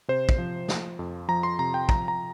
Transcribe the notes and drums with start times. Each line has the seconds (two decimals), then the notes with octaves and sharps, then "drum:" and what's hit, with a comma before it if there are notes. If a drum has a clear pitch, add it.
0.08 C3 C5
0.29 drum: kick
0.38 F3
0.68 F3, drum: snare
0.99 F2
1.28 F3 A#5
1.43 C6
1.59 C3 A#5
1.74 G5
1.89 F3 A#5, drum: kick
2.08 A#5